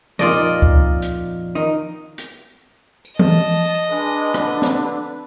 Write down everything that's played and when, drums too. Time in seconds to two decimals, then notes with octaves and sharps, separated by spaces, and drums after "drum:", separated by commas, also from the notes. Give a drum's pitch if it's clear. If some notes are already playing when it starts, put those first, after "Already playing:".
0.19 F2 A#2 D#4 F4 D5 D#5
0.62 drum: kick C#2
1.02 drum: hi-hat
1.55 D#3 D#4
2.18 drum: hi-hat
3.05 drum: tambourine
3.19 D#5 A5, drum: tom E3
3.91 G#3 D4 B4
4.34 D3, drum: rim click
4.62 drum: snare C4